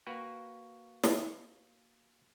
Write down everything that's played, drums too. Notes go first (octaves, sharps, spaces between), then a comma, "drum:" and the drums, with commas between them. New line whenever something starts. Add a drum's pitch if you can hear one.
A#3 F#4 B4 G5
drum: snare